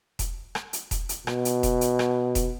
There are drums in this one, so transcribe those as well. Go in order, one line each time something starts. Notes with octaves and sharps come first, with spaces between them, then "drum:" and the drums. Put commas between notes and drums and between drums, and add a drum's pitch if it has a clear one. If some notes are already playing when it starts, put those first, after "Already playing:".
drum: kick E1, hi-hat
drum: rim click
drum: hi-hat
drum: kick E1, hi-hat
drum: hi-hat
B2, drum: rim click
drum: hi-hat
drum: kick E1, hi-hat
drum: hi-hat
drum: rim click
drum: kick E1, hi-hat